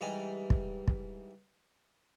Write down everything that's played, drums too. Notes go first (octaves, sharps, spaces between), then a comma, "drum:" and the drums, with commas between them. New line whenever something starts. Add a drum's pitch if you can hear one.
G#2 E3 G3 D#5 G#5
drum: kick
drum: kick